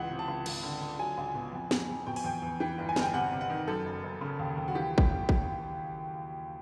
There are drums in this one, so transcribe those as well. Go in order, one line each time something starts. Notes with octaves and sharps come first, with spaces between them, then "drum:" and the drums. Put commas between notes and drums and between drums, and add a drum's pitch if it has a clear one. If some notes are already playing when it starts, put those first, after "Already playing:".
Already playing: C#2 E3 F#5
C3
A5
C#2
G#1, drum: cymbal
D3
D3
F#3 G#5
C#2
B2
F2
F2, drum: snare
F2
B2 G5
G#5, drum: open hi-hat
E2 G5
E2
E3 G5
G1
G#5
G1, drum: snare
G5
C3 F#5
C3
F#5
D#3
F#2 A4
F#1
F#1
C#3
D#2
D#2
F#4
E3 G4
drum: kick
drum: kick